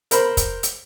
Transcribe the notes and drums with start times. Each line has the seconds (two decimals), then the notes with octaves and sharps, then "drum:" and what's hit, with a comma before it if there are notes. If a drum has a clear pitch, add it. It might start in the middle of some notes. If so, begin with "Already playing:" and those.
0.11 A#4 C5 B5, drum: hi-hat
0.37 drum: kick, hi-hat
0.63 drum: hi-hat